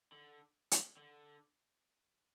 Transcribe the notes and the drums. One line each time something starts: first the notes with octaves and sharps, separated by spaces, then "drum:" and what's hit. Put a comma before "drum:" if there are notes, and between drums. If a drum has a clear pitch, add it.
D3
drum: hi-hat
D3